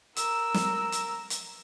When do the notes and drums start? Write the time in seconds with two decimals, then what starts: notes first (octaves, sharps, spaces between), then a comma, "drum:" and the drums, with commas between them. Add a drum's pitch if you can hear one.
0.16 A#4 E6, drum: hi-hat
0.54 drum: snare
0.92 drum: hi-hat
1.30 drum: hi-hat